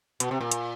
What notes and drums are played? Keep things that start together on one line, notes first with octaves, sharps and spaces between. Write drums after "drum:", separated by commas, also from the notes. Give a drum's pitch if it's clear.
B2, drum: hi-hat
C3
A#2
drum: hi-hat